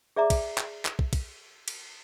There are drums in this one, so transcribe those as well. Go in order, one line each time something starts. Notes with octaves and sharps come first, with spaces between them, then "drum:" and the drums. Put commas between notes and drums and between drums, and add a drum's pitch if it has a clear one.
G#4 D5 E5 A#5 D6
drum: kick, cymbal
drum: clap
drum: clap
drum: kick
drum: kick, cymbal
drum: cymbal